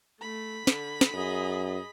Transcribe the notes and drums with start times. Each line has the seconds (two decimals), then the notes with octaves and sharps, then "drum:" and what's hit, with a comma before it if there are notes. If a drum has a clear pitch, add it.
0.21 A3 B5
0.67 D3, drum: snare
1.01 drum: snare
1.14 F#2 G#4 D#5